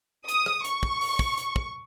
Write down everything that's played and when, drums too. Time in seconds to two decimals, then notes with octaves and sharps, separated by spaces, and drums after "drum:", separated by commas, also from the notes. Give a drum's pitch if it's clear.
0.29 D#6, drum: hi-hat
0.46 drum: rim click
0.65 C#6, drum: hi-hat
0.83 drum: kick
1.01 drum: open hi-hat
1.19 drum: kick
1.38 drum: hi-hat
1.56 drum: kick